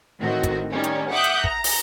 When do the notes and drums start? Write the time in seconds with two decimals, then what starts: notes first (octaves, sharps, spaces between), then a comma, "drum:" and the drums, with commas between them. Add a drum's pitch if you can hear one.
0.20 A2 D#3 C4 F#4
0.43 drum: kick, hi-hat
0.71 D#3 G3 C#4
0.84 drum: hi-hat
1.11 E5 F#5 D6 D#6 F#6 G6
1.24 drum: hi-hat
1.44 A#5, drum: kick
1.64 drum: open hi-hat